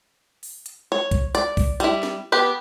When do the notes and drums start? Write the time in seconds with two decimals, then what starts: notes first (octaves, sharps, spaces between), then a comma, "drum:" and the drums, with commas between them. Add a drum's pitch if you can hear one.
0.43 drum: open hi-hat
0.66 drum: hi-hat
0.92 C#5
1.11 drum: kick, hi-hat
1.35 D5, drum: hi-hat
1.57 drum: kick, open hi-hat
1.80 G3 E4, drum: hi-hat
2.03 drum: snare
2.32 B3 G4 B4